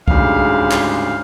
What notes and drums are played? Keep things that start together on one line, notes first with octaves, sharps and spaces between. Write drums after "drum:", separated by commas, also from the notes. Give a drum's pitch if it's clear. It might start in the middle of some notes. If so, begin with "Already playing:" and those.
D2 G#2 C#3 G3 F5, drum: kick B1
drum: clap